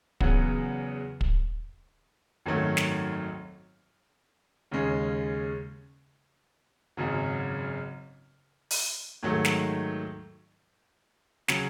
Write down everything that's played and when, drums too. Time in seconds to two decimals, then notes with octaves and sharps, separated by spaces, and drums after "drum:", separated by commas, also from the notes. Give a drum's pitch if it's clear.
0.20 E2 C#3 F#3 B3, drum: kick
1.21 drum: kick
2.46 G#1 F#2 D#3 F#3 A3
2.77 drum: snare
4.71 D#2 C#3 G#3 C#4
6.97 G#1 F#2 C#3 F#3
8.70 drum: open hi-hat
9.23 G#2 D#3 F#3 A3
9.45 drum: snare
11.48 C#3 F#3, drum: snare